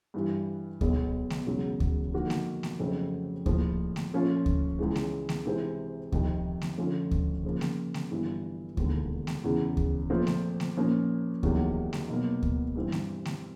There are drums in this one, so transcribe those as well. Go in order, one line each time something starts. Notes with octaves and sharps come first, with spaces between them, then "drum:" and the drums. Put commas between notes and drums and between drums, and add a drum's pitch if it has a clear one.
G2 E3 G3
B1 B2 G#3, drum: kick D2
drum: snare A3
E1 E2 C#3 F#3
drum: kick D2
D3 F3 A#3 D#4 F#4
drum: snare A3
drum: snare A3
F2 C#3 F#3 A3 C4
A#1 A2 F3, drum: kick D2
drum: snare A3
A#2 F3 A3 C#4 F4
drum: kick D2
C#2 C#3 E3 G#3
drum: snare A3
drum: snare A3
C3 E3 G#3 C4
F2 C3 D#3, drum: kick D2
drum: snare A3
D3 F3 A3 C#4 F4
drum: kick D2
C#3 F3 A#3
drum: snare A3
drum: snare A3
G1 G2 E3
E1 D#2 D3, drum: kick D2
drum: snare A3
E2 C#3 E3
drum: kick D2
A#2 F3 A3 C4 F4
drum: snare A3
drum: snare A3
A#2 F3 A#3 C#4
E2 C3 D#3 F#3 A#3, drum: kick D2
drum: snare A3
B2 F#3 A#3
drum: kick D2
G2 E3 G3 C4
drum: snare A3
drum: snare A3